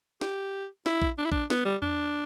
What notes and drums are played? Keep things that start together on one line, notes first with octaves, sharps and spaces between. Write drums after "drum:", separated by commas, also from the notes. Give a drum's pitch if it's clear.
G4, drum: snare
E4, drum: snare
drum: kick A#1
D4
E4
D4, drum: kick A#1
B3, drum: snare
G3
D4, drum: tom E2